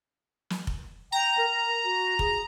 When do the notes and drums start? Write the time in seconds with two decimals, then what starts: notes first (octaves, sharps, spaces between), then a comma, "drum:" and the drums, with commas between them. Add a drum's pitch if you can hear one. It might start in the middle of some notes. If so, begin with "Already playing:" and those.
0.50 drum: snare
0.67 drum: kick F1
1.12 G5 A#5
1.38 A#4
1.85 F#4
2.19 G#4, drum: kick F1